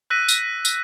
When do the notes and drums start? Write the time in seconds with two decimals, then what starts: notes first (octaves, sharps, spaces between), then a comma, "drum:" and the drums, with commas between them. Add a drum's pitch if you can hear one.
0.10 E6 F#6 A#6 B6 D#7
0.28 drum: tambourine
0.65 drum: tambourine